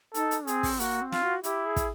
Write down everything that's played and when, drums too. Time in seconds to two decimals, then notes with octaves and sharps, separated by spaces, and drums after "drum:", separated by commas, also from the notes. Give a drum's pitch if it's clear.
0.14 D#4 A4, drum: hi-hat
0.31 drum: hi-hat
0.47 C4 G#4, drum: hi-hat
0.63 drum: kick, open hi-hat
0.80 A#3 F#4, drum: hi-hat
1.02 C4
1.12 F4, drum: snare
1.22 F#4
1.44 E4 G4, drum: hi-hat
1.65 G#4
1.76 drum: kick, hi-hat